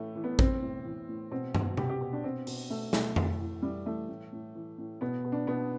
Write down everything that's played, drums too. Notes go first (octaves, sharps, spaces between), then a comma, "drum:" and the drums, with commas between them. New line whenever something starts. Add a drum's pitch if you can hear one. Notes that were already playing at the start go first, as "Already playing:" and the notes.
Already playing: A2 E3 A3
E3
B3
A2 C4, drum: kick
A2
E3
A2
B2 C4
B2, drum: tom
B2 G4, drum: tom C3
G4
B2
D4
B2 C4
B2, drum: open hi-hat
B2 A3
B2 A3, drum: snare
A2, drum: tom F2
E3
E3 G3
E3 A3
A2
A2
E3
A2
B2 B3
B2
D4
B2 B3